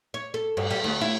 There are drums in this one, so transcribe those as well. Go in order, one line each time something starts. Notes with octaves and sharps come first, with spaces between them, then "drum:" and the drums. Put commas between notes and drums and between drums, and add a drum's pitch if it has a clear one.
C#5
A4
G2, drum: cymbal
G3
D2
E4